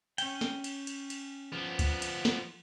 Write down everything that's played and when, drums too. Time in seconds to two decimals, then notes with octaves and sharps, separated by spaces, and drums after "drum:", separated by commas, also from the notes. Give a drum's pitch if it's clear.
0.18 C#4 G5, drum: cymbal
0.41 drum: snare
0.64 drum: cymbal
0.87 drum: cymbal
1.10 drum: cymbal
1.52 F3 B3
1.79 drum: kick D2, cymbal
2.02 drum: cymbal
2.25 drum: snare